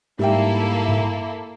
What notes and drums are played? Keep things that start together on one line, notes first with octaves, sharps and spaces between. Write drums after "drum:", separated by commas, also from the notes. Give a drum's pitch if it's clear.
G#2 G3 A#3 E4 A4 E5 G5
drum: tom G2